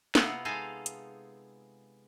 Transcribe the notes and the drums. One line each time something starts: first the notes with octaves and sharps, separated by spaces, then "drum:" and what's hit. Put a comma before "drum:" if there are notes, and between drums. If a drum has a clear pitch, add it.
C3 B3 E4 F4 F#5 A#5, drum: snare
G#3 D#4 G#4 A4 F5
drum: hi-hat